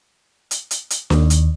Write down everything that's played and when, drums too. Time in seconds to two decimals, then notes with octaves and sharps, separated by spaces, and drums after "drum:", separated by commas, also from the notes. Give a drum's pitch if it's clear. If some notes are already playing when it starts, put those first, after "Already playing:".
0.51 drum: hi-hat
0.71 drum: hi-hat
0.90 drum: hi-hat
1.10 D#2, drum: snare D4
1.30 drum: hi-hat